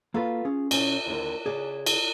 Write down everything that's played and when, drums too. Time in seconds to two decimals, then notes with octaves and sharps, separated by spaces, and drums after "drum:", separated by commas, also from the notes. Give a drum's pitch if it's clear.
0.14 A#3 F4 F#4 A4 B4 F5
0.45 C#4 F4 G#4
0.71 B2 C#4 E4 C5 D5, drum: cymbal
1.06 D#2 D3 A#4
1.46 C#3 G#4 D5
1.86 drum: cymbal